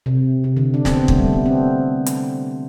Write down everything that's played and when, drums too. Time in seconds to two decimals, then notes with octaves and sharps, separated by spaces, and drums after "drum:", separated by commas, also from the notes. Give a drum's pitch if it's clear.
0.06 C3
0.44 C3
0.57 D3
0.74 D4
0.85 C4, drum: snare
0.96 B3
1.08 A3, drum: kick
1.19 G3
1.33 B3
1.46 C4
2.06 drum: hi-hat